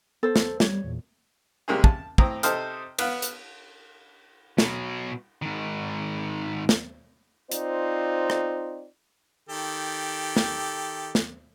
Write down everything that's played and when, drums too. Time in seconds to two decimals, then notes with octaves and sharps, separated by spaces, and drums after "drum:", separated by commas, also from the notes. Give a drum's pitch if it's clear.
0.23 B3 A4 C5
0.36 drum: snare
0.60 G3 C#5, drum: snare
0.84 E2 A#2
1.68 C3 G3 G#3 A#3 C#4 G#4
1.84 A5, drum: kick
2.18 A2 C4 A#5 D#6, drum: kick
2.43 C3 D#4 A4 C5 D#6 F6, drum: hi-hat
2.99 B3 F5 F#5, drum: cymbal
3.22 drum: hi-hat
4.58 B2 F#3, drum: snare
5.42 G#2 D#3
6.69 drum: snare
7.52 C4 D#4 F4 C5 D5, drum: hi-hat
8.30 drum: rim click
9.49 D#3 G4 A4
10.36 drum: snare
11.15 drum: snare